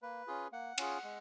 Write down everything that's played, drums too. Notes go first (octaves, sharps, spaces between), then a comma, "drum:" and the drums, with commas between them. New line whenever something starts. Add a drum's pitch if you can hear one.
A#3 B4
C#4 F4 G#4
A#3 F#5
C#4 F4 G#4, drum: cymbal
G#3